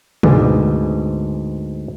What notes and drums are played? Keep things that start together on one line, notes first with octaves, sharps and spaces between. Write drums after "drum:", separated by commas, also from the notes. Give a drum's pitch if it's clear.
D2 G#2 B3 G#4 D5, drum: tom